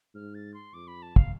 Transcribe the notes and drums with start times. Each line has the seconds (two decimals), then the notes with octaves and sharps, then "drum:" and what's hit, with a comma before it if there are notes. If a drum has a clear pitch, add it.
0.14 G#2 F6
0.35 A6
0.54 C6
0.73 F2 D6
0.88 B5
1.02 A5
1.16 F5, drum: kick